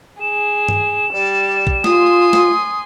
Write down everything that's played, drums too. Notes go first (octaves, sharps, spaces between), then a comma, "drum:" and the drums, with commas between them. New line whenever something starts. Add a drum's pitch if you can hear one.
G#4 E7
drum: tom G2
G3 D5
drum: kick
F4 G#5 C6 D#6, drum: snare
drum: snare